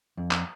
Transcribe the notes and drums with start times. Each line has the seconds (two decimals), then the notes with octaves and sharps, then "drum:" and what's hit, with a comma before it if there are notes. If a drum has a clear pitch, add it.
0.17 F2
0.31 drum: clap